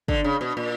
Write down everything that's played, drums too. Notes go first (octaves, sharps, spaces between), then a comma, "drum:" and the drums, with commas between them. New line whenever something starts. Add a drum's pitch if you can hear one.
D3, drum: kick
C#3
B2
A#2